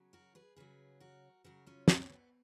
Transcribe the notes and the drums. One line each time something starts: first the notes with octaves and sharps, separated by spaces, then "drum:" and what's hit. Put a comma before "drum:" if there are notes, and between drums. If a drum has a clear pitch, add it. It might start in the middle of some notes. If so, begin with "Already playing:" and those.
Already playing: C#3 F#3
F#4 A#4
G#4 B4
C#3 F#3 G#4 B4
F#4 A#4
C#3 F#3 F#4 A#4
C#4 F4
B3 D#4, drum: snare
B3